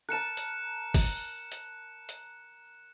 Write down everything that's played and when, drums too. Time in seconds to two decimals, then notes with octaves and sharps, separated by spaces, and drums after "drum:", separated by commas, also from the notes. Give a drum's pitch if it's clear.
0.09 A#4 A5 F#6 C#7 E7
0.37 drum: hi-hat
0.94 drum: kick, open hi-hat
1.52 drum: hi-hat
2.09 drum: hi-hat